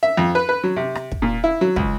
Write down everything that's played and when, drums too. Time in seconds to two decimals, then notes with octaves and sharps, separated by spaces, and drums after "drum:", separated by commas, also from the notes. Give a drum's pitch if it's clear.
0.03 E5
0.17 F2
0.35 B4
0.49 B4
0.63 F#3
0.76 C3
0.95 drum: rim click
1.12 drum: kick
1.22 A#2
1.44 E4
1.61 F#3
1.76 C#2, drum: kick